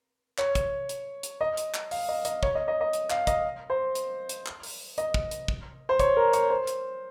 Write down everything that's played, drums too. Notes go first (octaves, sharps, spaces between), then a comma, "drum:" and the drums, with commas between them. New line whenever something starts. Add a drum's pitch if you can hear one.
C#5, drum: clap
drum: kick, hi-hat
drum: hi-hat
drum: hi-hat
D#5
drum: hi-hat
drum: clap
F5, drum: open hi-hat
D#5
D#5, drum: hi-hat
C#5, drum: kick
D#5
D#5
D#5
drum: hi-hat
F5, drum: clap
D#5, drum: kick, hi-hat
C5
drum: hi-hat
drum: hi-hat
drum: clap
drum: open hi-hat
D#5, drum: hi-hat
drum: kick
drum: hi-hat
drum: kick
C5
C#5, drum: kick, hi-hat
A#4
C#5, drum: hi-hat
C5
drum: hi-hat